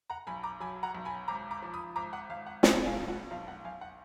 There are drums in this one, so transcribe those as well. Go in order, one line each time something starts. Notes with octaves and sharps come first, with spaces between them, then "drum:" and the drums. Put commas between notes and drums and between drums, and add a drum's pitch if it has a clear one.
F#5 A#5
B1 G#5 B5
A#5 D6
F#3 G#5 B5
F#5 A#5
B1
G#5 B5
G#1 A#5 D6
A#5 D6
F3
B5 D#6
G#1 A#5 D6
F#5
G#1 F5
F#5
B2 F5 G#5, drum: snare
F5 G#5
B1
F#5
B1 F5
F#5
B1 F5 G#5
F#5